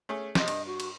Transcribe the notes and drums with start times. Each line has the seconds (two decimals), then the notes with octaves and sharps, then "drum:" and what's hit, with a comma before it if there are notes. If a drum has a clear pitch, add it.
0.09 A3 C#4 G#4
0.35 C3 D#5, drum: snare
0.48 G2, drum: cymbal
0.67 F#4
0.80 drum: cymbal